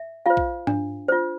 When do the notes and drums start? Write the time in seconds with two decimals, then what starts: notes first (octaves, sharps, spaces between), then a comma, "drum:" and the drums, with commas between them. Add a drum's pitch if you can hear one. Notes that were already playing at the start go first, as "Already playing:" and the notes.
Already playing: E5
0.26 F4 C5 F5
0.37 drum: kick A#1
0.67 D4, drum: tom G#2
1.08 F4 C5